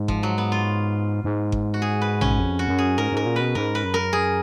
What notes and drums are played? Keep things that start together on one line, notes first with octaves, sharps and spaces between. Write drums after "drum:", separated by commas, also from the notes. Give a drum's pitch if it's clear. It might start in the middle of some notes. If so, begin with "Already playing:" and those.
Already playing: G#2
F3, drum: kick G1
F#3
B3
F4
G#2
drum: kick G1
F#4
G#4
B4
C#4, drum: tom A1
F2
F#4
F#2
G#4
G#2 A#4
G#2 A#4
A#2
B2 B4
G#2 A#4
B4
F#2
A#4
G#4